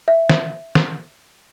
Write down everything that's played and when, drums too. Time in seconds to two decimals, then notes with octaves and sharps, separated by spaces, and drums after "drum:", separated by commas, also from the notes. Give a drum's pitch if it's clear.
0.08 E5
0.29 drum: snare
0.75 drum: snare